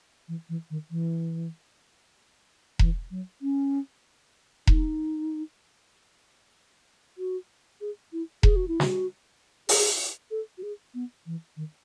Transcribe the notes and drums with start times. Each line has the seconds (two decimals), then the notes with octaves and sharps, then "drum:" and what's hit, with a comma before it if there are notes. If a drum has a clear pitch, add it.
0.28 E3
0.49 E3
0.70 D#3
0.91 E3
2.79 E3, drum: kick E1
3.11 F#3
3.42 C#4
4.67 D#4, drum: kick E1
7.18 F#4
7.81 G#4
8.13 E4
8.43 G#4, drum: kick E1
8.56 F#4
8.68 E4
8.80 F#4, drum: snare
9.69 G#4, drum: open hi-hat
10.31 A4
10.58 F#4
10.63 G#4
10.94 B3
11.26 E3
11.57 D#3